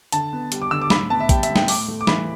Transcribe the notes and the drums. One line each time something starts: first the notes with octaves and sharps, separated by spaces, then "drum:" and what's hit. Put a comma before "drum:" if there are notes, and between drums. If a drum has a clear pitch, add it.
D3 A5, drum: hi-hat
B3
G3, drum: hi-hat
D6
D3 E6
D6
A2 B5, drum: snare
B3 A5
E5
G3 G5, drum: kick A#1, hi-hat
E5, drum: hi-hat
A2
G5, drum: snare
A2 D6, drum: open hi-hat
A3
D6
E3 B5, drum: snare